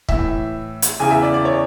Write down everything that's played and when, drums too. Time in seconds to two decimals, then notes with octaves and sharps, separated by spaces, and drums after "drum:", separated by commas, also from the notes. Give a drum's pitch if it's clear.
0.09 A2 E3 E5, drum: kick
0.82 drum: hi-hat
1.00 E2 C#3 E3 G#5
1.11 E5
1.23 D5
1.34 D5
1.45 C#5